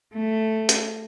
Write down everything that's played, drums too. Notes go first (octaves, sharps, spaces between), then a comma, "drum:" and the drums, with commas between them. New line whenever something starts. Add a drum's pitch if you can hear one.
A3
drum: hi-hat